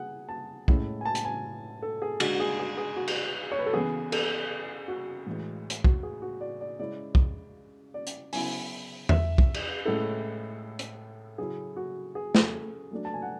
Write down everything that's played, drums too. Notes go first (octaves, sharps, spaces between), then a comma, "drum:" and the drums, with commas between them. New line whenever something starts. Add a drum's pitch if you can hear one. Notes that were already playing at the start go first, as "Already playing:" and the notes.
Already playing: G#4 F#5
A5
A2 G#3 C#4 E4, drum: kick B1
G#5
A5
drum: hi-hat
G#5
A4
G#4
D3 G#3 D4 F#4, drum: cymbal
F#4
G#4
G#4
G#4
F#4
drum: cymbal
C#5
B4
A4
C#3 E3 B3 G#4
A4, drum: cymbal
F#4
A2 E3 G#3
drum: hi-hat
F#4, drum: kick B1
G#4
F#4
D5
D5
C#3 G#3 C#4 E4 D5
drum: kick B1
D5
drum: hi-hat
C#3 F#3 B3 E4 G#5, drum: open hi-hat
E5, drum: tom E2
drum: kick B1
drum: cymbal
A2 G#3 C#4 E4 A4
drum: hi-hat
C#3 F#3 C#4 E4 G#4
F#4
G#4
A4, drum: snare
F#3 A3 D4
A5
G#5
F#5